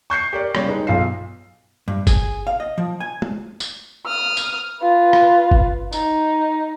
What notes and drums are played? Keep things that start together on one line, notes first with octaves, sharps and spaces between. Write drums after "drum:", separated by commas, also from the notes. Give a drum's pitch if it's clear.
C#6 G6 C7 C#7
G4 A#4 D5
C#3 G3 C#5, drum: rim click
G#3 D#4 B4
B1 F4 C7
G2
G#4, drum: kick G1, tambourine
F5
D#5
F3
G#5
drum: tom
drum: tambourine
D#6 F6
drum: tambourine
F4 B4
drum: rim click
drum: kick G1
D#4, drum: tambourine